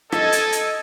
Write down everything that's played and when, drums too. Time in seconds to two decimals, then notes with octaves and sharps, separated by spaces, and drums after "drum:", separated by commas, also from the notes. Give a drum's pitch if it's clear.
0.12 A4 D#5 D#6 G#6, drum: rim click
0.32 drum: hi-hat
0.52 drum: hi-hat